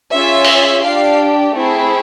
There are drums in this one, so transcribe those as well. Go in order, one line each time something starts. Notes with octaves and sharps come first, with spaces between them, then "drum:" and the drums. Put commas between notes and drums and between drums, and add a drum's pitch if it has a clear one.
C#4 F4 G#4 E5
drum: open hi-hat
D4 G4 F5
A3 C4 E4 G#4